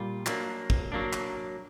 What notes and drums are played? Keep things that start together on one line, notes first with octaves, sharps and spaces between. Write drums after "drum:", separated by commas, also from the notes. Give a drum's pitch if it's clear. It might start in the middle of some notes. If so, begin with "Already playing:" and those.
Already playing: A#2 G3 F4
F#3 A#3 D4, drum: clap
drum: kick
F#3 A#3 D4
drum: clap